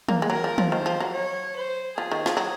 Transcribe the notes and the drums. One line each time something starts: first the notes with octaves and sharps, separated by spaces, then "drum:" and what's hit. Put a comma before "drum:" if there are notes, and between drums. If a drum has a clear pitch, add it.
A#3, drum: tom
G#3
F#3 A#4
F3
F3, drum: tom
D#3 C5
F3
F#3
C#5
C5
F3 G#4
D#3
F3, drum: snare
F#3